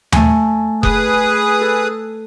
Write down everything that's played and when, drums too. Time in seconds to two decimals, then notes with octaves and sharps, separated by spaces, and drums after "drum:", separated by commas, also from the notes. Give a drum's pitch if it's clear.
0.12 A3 G#5, drum: tom D#2
0.83 G#4 B4 D#6, drum: kick F1
1.61 A4